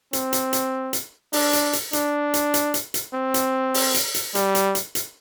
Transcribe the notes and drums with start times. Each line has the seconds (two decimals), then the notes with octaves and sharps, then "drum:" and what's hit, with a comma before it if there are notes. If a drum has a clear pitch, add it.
0.13 C4, drum: hi-hat
0.33 drum: hi-hat
0.53 drum: hi-hat
0.93 drum: hi-hat
1.33 D4, drum: open hi-hat
1.53 drum: hi-hat
1.73 drum: hi-hat
1.93 D4, drum: hi-hat
2.34 drum: hi-hat
2.54 drum: hi-hat
2.74 drum: hi-hat
2.94 drum: hi-hat
3.14 C4
3.34 drum: hi-hat
3.74 drum: open hi-hat
3.94 drum: hi-hat
4.15 drum: hi-hat
4.35 G3, drum: hi-hat
4.55 drum: hi-hat
4.75 drum: hi-hat
4.95 drum: hi-hat